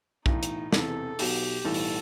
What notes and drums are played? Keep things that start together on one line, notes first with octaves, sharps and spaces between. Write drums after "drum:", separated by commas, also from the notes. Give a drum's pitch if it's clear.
B1 A2 E3 D#4, drum: kick B1
drum: hi-hat
E1 E2 C3 E3 A4, drum: snare
B1 B2 F#3 G4, drum: open hi-hat
B1 A2 E3 G3 A4
drum: open hi-hat